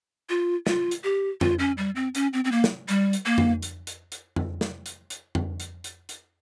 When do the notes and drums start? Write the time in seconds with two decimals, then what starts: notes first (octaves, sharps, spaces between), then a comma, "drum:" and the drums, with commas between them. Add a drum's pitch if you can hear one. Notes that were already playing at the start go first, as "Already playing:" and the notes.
0.30 F4
0.67 F4, drum: snare
0.91 drum: hi-hat
1.04 G4
1.41 F4, drum: tom F2
1.59 C#4
1.78 G3
1.96 C4
2.15 C#4, drum: hi-hat
2.33 C4
2.45 C4
2.52 A#3
2.64 drum: snare
2.89 G3, drum: hi-hat
3.13 drum: hi-hat
3.26 A#3
3.38 drum: tom F2
3.62 drum: hi-hat
3.87 drum: hi-hat
4.12 drum: hi-hat
4.36 drum: tom F2
4.61 drum: snare
4.86 drum: hi-hat
5.10 drum: hi-hat
5.35 drum: tom F2
5.60 drum: hi-hat
5.84 drum: hi-hat
6.09 drum: hi-hat